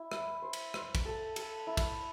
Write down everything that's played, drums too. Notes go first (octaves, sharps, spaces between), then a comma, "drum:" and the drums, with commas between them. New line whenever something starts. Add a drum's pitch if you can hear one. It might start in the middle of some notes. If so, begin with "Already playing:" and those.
Already playing: E4
E5, drum: rim click
C5
drum: cymbal
C5, drum: rim click
drum: kick, cymbal
A4
A4, drum: cymbal
E4
drum: kick, cymbal